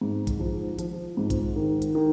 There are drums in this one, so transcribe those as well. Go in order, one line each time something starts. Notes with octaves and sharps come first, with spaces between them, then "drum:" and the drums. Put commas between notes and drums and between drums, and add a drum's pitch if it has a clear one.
G#2
drum: kick, hi-hat
F3
F3, drum: hi-hat
G#2
drum: kick, hi-hat
D#3
drum: hi-hat
D#3